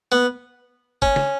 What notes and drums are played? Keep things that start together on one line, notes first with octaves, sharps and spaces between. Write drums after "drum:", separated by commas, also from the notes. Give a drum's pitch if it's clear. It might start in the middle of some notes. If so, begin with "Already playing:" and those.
B3
C#4, drum: kick
drum: snare